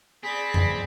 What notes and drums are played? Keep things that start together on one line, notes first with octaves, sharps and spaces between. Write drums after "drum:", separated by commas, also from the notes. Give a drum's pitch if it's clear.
C4 G#4 D5 B5 B6
drum: tom F2